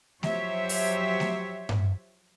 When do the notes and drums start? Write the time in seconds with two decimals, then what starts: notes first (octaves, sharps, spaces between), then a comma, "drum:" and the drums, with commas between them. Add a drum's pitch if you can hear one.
0.23 F3 F#3 G4 C5 C#5 E5, drum: snare A3
0.69 drum: open hi-hat
1.20 drum: snare A3
1.69 drum: tom G2